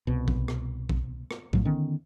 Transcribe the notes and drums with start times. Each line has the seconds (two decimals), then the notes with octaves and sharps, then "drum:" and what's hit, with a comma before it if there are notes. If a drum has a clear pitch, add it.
0.07 C2 B2
0.28 drum: kick A#1
0.48 drum: rim click
0.89 drum: kick A#1
1.31 drum: rim click
1.53 A2 F#3 A3, drum: kick A#1
1.65 D3 D#3 B3 C#4